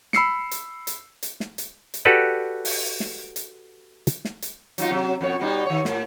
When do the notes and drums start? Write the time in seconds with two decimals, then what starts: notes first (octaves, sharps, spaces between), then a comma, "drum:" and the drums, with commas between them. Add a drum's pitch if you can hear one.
0.13 B5 E6 C7 C#7, drum: snare
0.51 drum: hi-hat
0.87 drum: hi-hat
1.23 drum: hi-hat
1.40 drum: snare
1.58 drum: hi-hat
1.94 drum: hi-hat
2.05 F#4 G4 A4 B4 D5
2.65 drum: open hi-hat
3.00 drum: snare
3.36 drum: hi-hat
4.07 drum: hi-hat
4.25 drum: snare
4.42 drum: hi-hat
4.78 F#3 D#4 F4, drum: hi-hat
4.91 C3 F#3
5.21 F2 B2 C#5
5.39 B2 G3 D#4
5.66 D#3 C#5
5.85 A2, drum: snare